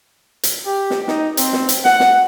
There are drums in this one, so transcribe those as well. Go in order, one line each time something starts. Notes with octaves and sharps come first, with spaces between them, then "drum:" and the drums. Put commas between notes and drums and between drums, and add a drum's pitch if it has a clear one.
drum: hi-hat
G4
drum: snare
D#4, drum: snare
C4, drum: hi-hat
drum: snare
drum: hi-hat
F#5, drum: snare
drum: snare